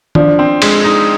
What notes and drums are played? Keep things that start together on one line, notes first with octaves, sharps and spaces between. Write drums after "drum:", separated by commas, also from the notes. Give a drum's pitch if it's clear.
F3 D4 D5, drum: tom D#3
C4
G#3, drum: cymbal
D#4